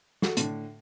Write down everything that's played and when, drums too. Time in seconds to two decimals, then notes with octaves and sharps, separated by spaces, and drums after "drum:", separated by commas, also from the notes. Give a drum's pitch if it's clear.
0.22 F#4 A4, drum: snare
0.37 A2 D3, drum: hi-hat